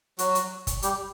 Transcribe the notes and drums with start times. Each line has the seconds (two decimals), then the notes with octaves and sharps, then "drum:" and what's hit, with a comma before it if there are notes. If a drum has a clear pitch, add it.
0.19 F#3 F#4, drum: hi-hat
0.35 drum: hi-hat
0.67 drum: kick, hi-hat
0.82 G3 G4, drum: hi-hat